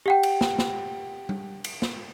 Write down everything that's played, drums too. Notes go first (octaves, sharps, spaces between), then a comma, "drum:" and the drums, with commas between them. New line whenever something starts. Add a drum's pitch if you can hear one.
G4 F#5 G5
drum: cymbal
drum: snare
drum: snare
drum: tom G3
drum: cymbal
drum: snare